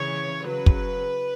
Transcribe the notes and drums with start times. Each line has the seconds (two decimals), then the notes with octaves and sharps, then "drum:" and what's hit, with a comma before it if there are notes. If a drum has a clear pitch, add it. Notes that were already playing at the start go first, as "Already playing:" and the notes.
Already playing: C#3 E3 C#5
0.43 C#3 F#3 B4
0.66 drum: kick